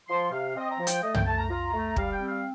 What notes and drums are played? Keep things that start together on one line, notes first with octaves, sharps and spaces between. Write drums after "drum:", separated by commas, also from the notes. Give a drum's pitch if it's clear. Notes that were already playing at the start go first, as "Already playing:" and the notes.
F3 C6
C3 F5
C4 D#5
A#5
F3
G5, drum: hi-hat
A3 D#5
G5, drum: tom
A3 A5
A#5
F4 A#5
A3
G3 F5, drum: kick
G5
C4
F5